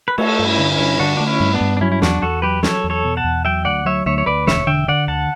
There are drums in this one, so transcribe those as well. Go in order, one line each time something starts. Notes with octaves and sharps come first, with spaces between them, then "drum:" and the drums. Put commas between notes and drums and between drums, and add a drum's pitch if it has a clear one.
B4
A3 A4 C#5, drum: cymbal
G2
C#4 E4
D3
C#4 E4
G2
D3 D4 F#4
A3 D4
C#4 E4
G2
B3 D4
G2
D4
F#3 C#4 E4
E4
E2 D4 F#4, drum: snare
E2 F#4 A4
F#3 G4 B4
F#3 A4 C#5, drum: snare
E2
A4 C#5
B2
F#5 A5
E2
F#3 E5 G5
D2 D5 F#5
F#3 C#5 E5
D2 C#5 E5
C#5
D2 B4 D5
E1 C#5 E5, drum: snare
D3 E5 G5
D3 D5 F#5
D2 F#5 A5